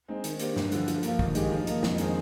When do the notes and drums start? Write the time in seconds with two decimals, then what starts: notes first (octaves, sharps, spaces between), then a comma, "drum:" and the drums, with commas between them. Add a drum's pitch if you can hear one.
0.08 G#3 C4 D#4
0.24 D#3, drum: hi-hat
0.39 A#3 D4 G4 C5, drum: hi-hat
0.56 G2, drum: snare
0.72 D3 F3, drum: hi-hat
0.88 F3, drum: hi-hat
1.03 A#3 F4, drum: hi-hat
1.19 D#2, drum: kick
1.35 D#3 G#3 D#4 G4, drum: hi-hat
1.52 F3
1.67 A#3 D#4, drum: hi-hat
1.83 F2, drum: snare
1.98 D#3 G#3 C4 D#4, drum: hi-hat